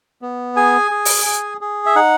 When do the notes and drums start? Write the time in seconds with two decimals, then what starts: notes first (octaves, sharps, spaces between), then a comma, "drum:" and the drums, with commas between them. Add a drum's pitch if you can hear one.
0.22 B3
0.56 G#4 G#5
0.91 G#4
1.05 drum: open hi-hat
1.26 G#4
1.61 G#4
1.86 E5
1.96 D#4 F#5